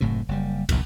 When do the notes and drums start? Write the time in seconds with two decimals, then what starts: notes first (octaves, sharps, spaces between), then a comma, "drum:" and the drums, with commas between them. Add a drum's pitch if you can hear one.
0.01 F#1 A2 C3
0.29 F#1 G3
0.69 F1 A#1 E2 A#2, drum: kick, cymbal